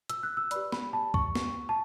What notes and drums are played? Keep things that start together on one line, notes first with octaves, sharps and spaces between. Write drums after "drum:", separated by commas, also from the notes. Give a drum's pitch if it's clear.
E6, drum: hi-hat
F#6
E6
G4 B4 D5 B5, drum: hi-hat
B5, drum: snare
A5
C#6, drum: kick
drum: snare
A5